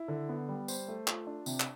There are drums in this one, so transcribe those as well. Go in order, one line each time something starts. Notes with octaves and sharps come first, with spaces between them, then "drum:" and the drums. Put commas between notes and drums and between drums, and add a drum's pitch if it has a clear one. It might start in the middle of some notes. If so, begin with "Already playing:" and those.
Already playing: E4
D3
B3
G3
C5, drum: tambourine
A3
F4, drum: clap
D4
C3, drum: tambourine
drum: clap